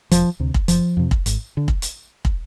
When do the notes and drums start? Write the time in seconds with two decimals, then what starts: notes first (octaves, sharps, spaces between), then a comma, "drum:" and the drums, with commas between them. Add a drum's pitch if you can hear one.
0.11 E1 F3, drum: hi-hat
0.40 D2 C3
0.54 drum: kick
0.68 F#1 F3, drum: hi-hat
0.97 F2 C3
1.11 drum: kick
1.26 G#1, drum: hi-hat
1.57 D3
1.68 drum: kick
1.82 drum: hi-hat
2.25 drum: kick